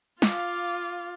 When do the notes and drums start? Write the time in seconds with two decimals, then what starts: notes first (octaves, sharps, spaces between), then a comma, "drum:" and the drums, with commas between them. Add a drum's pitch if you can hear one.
0.22 F4 F5 D6, drum: snare